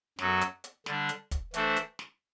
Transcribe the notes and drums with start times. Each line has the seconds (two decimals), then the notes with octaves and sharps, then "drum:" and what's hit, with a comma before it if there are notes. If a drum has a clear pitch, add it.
0.19 F#2 F#3 B3 F#4 A4, drum: snare
0.41 drum: hi-hat
0.64 drum: hi-hat
0.86 D3 G3 D4, drum: snare
1.09 drum: hi-hat
1.31 drum: kick, hi-hat
1.54 E3 A3 D4 A4 C5, drum: hi-hat
1.76 drum: hi-hat
1.99 drum: snare